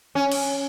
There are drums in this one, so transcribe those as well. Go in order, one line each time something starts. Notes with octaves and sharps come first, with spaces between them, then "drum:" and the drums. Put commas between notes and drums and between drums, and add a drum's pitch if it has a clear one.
C#4
drum: cymbal